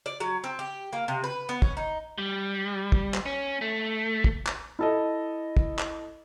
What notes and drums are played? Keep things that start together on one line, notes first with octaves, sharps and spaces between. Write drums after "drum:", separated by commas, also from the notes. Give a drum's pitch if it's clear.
D5
F#3
C4
G4
A#3
C3
B4
B3
C#4, drum: kick
D#4
G3
drum: kick
drum: clap
C#4
A3
drum: kick
drum: clap
E4 A4 D#5
drum: kick
drum: clap